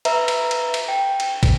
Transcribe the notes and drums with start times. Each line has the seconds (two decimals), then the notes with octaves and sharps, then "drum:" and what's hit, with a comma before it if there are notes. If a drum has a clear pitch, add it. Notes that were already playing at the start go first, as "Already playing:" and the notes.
0.05 B4 E5 A#5, drum: cymbal
0.28 drum: cymbal
0.51 drum: cymbal
0.74 drum: cymbal
0.88 G5
1.20 drum: cymbal
1.43 drum: kick, cymbal